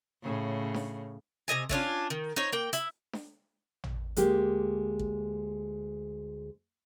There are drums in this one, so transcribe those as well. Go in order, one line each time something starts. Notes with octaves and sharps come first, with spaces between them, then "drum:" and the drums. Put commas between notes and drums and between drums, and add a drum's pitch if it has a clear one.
A2 C#3
drum: snare D4
C3 A#3 D#5 G#5
A3 C#4 D4 F4, drum: kick
D#3
D#4 C5 C#5
A#3 G5
E4, drum: hi-hat
drum: snare D4
drum: tom
D2 G#3 A#3 G4, drum: hi-hat
drum: kick